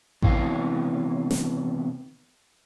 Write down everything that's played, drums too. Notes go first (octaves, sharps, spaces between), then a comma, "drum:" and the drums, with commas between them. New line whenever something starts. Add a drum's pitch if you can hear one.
D#2 C3 E3 B3 G4 F5, drum: kick A1
drum: snare